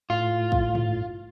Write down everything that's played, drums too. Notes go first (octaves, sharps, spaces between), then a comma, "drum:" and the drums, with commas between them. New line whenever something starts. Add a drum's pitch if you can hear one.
A2 F4
drum: kick
drum: tom